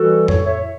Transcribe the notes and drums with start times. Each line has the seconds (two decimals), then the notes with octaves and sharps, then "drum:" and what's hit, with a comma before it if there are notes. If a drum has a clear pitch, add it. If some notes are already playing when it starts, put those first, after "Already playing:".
Already playing: E3 G3 F#4 A4
0.28 A2 A4 C#5, drum: tom F2
0.46 C#5 E5